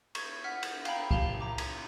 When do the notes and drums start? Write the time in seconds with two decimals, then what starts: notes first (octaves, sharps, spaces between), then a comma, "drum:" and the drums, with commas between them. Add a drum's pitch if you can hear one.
0.15 C#6 G#6, drum: cymbal
0.44 F#5 F6 B6
0.63 drum: cymbal
0.85 F5 G5 A#5 B5, drum: cymbal
1.11 G4 F5 A5 F7 G7, drum: kick C2
1.40 A#5 D6
1.58 drum: cymbal